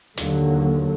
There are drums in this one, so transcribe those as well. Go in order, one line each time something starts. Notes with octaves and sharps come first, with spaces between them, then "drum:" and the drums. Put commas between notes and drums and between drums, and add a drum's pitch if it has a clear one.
D#2 D3 F#3 A#3, drum: hi-hat